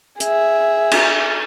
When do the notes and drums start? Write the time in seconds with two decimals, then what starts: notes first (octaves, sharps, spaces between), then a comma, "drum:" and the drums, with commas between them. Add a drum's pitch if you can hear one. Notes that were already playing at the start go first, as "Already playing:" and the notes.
0.20 G#4 E5, drum: hi-hat
0.91 drum: cymbal